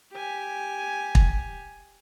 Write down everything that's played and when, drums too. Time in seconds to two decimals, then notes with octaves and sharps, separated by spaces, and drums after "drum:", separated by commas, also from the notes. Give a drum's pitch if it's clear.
0.12 G4 G#5
1.15 drum: kick